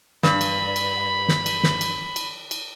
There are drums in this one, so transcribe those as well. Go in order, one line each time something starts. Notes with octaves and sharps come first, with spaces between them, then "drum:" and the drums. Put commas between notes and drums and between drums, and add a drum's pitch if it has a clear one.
G2 B5, drum: snare
drum: cymbal
drum: cymbal
drum: snare
drum: cymbal
drum: snare
drum: cymbal
drum: cymbal
drum: cymbal